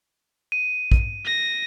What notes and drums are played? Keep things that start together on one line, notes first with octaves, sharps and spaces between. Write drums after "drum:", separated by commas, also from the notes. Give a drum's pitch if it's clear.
D#7
drum: kick A#1
A#6